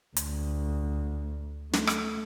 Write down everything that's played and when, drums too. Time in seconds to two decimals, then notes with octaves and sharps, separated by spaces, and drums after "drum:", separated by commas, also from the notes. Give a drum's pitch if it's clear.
0.16 D2, drum: hi-hat
1.73 A3, drum: snare
1.87 drum: rim click